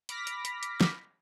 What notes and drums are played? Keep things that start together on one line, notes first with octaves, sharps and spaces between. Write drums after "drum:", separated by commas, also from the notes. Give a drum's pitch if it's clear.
B5 D6 F6 A#6 B6, drum: hi-hat
drum: hi-hat
drum: hi-hat
drum: hi-hat
drum: snare